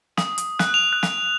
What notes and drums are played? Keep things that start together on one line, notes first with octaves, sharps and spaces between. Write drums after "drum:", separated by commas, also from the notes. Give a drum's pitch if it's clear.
D#6, drum: snare
drum: hi-hat
F#6, drum: snare
F7
F#6
drum: snare